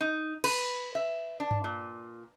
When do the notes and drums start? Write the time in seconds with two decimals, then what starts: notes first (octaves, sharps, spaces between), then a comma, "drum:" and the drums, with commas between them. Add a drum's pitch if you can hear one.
0.01 D#4
0.44 B4, drum: cymbal
0.95 E5
1.40 D4
1.51 drum: tom G2
1.64 A#2